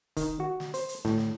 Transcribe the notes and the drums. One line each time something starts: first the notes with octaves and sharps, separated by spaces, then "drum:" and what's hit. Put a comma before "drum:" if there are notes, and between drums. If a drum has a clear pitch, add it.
D#3, drum: kick, hi-hat
F#4
drum: snare
C5, drum: hi-hat
drum: hi-hat
A2, drum: snare
drum: snare